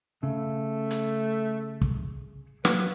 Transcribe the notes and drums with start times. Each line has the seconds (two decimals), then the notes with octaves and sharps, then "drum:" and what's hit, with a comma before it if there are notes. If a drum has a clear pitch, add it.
0.23 C#3 A3
0.91 drum: hi-hat
1.82 drum: kick
2.65 F#3 A#3 B4 G5, drum: snare